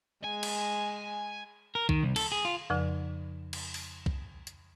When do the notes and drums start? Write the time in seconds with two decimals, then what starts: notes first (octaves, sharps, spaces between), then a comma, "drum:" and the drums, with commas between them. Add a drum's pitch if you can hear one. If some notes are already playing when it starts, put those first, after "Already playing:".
0.24 G#3 G#5
0.43 drum: cymbal
1.75 A#4
1.89 D#3, drum: kick
2.03 C2
2.16 A4, drum: cymbal
2.32 G#4
2.45 F4
2.70 F2 C#3 F3
3.53 drum: cymbal
3.74 drum: open hi-hat
4.06 drum: kick
4.47 drum: hi-hat